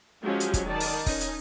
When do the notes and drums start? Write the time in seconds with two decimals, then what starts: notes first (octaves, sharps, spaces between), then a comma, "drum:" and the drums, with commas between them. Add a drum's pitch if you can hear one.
0.23 F3 F#3 G#3 C#4 F#4 G4
0.40 drum: hi-hat
0.54 drum: kick, hi-hat
0.67 D#3 D5 A5
0.80 drum: open hi-hat
1.06 C#4 D#4, drum: kick, open hi-hat
1.21 drum: hi-hat